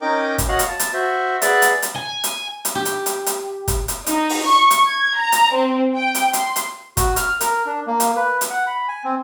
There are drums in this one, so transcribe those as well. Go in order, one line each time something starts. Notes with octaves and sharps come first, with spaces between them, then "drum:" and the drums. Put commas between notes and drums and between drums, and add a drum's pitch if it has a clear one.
C#4 D#4 A#4 D#5 G5 D6
drum: kick, hi-hat
F#4 C#5 D#5 F5 F#5
drum: hi-hat
A5
drum: hi-hat
F#4 C5 E5
G#4 B4 D5 E5 F#5, drum: hi-hat
drum: hi-hat
drum: hi-hat
G#5
drum: hi-hat
drum: hi-hat
G4
drum: hi-hat
drum: hi-hat
drum: hi-hat
drum: kick, hi-hat
drum: hi-hat
D#4, drum: hi-hat
drum: open hi-hat
C#6
drum: hi-hat
G#6
A#5
drum: hi-hat
C4
G5
drum: hi-hat
C6, drum: hi-hat
drum: hi-hat
F#4, drum: kick, hi-hat
F6, drum: hi-hat
A#4, drum: hi-hat
D4
A#3
drum: hi-hat
B4
drum: hi-hat
F#5
B5
G#5
C4